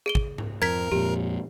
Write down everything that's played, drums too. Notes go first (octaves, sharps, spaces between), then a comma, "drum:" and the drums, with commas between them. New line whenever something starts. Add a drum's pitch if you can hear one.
G#4 D7 G7
drum: kick
drum: tom G#2
F2 A#4 G#6 B6
F2 A#2 G4